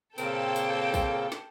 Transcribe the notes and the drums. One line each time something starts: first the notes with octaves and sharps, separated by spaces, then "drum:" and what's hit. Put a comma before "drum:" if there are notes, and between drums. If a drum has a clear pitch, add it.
A#2 C#3 A#3 C4 A4 G5, drum: tambourine
drum: tambourine
drum: kick, tambourine
drum: snare